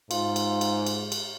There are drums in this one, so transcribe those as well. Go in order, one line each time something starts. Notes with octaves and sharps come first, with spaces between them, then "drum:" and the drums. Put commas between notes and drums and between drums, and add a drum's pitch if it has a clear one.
G#2 F4, drum: cymbal
drum: cymbal
drum: cymbal
drum: cymbal
drum: cymbal